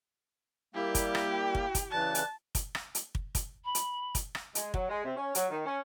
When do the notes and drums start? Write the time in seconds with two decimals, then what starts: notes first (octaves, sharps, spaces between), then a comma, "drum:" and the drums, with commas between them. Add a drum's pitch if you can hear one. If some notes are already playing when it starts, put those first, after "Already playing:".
0.75 G3 A#3 E4 G4
0.95 drum: kick, hi-hat
1.15 drum: rim click
1.30 G5
1.55 drum: kick
1.75 drum: kick, hi-hat
1.91 C#3 E3 D5 A5 F#6
2.15 drum: hi-hat
2.55 drum: kick, hi-hat
2.75 drum: rim click
2.95 drum: hi-hat
3.15 drum: kick
3.35 drum: kick, hi-hat
3.64 B5
3.75 drum: hi-hat
4.15 drum: kick, hi-hat
4.35 drum: rim click
4.55 G#3, drum: hi-hat
4.74 F#3, drum: kick
4.89 G#3
5.04 C3
5.16 C#4
5.35 F#3, drum: hi-hat
5.50 D#3
5.66 C#4